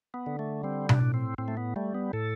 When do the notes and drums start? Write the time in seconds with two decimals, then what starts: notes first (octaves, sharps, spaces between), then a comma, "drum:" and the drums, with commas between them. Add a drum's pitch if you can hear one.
0.14 B3
0.26 D3
0.39 A3
0.63 G3 C4
0.89 D4, drum: tom B2
1.01 A2
1.14 C4
1.38 A2 C4
1.48 A3
1.57 B3
1.76 G3 A3
1.94 B3
2.13 A2 A4